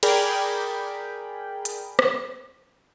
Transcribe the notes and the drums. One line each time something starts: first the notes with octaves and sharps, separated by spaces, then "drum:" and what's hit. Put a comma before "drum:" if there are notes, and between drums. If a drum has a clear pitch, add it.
G#4 A#4 D5 G5 B5, drum: cymbal
drum: hi-hat
drum: rim click